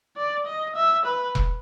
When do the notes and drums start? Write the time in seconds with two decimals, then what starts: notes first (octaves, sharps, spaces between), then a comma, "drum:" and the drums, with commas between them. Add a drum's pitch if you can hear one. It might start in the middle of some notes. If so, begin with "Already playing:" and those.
0.17 D5
0.47 D#5
0.76 E5
1.05 B4
1.35 drum: kick E1